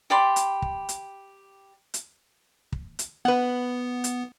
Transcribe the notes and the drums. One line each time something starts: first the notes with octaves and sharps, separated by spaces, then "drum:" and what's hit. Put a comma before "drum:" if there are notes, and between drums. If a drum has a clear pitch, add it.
G4 D5 B5 C6
drum: hi-hat
drum: kick
drum: hi-hat
drum: hi-hat
drum: kick
drum: hi-hat
B3 B4 F#5
drum: hi-hat